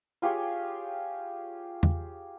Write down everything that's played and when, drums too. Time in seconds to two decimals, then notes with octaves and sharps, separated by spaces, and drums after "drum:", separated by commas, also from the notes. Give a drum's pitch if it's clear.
0.22 F4 G4 G#4 C#5
1.83 drum: tom E2